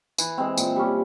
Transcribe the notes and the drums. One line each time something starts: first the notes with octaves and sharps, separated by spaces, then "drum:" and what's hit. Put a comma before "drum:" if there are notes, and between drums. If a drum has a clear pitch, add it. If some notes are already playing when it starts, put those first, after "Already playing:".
E3, drum: tambourine
G#3 C4
A#2, drum: tambourine
G3 C#4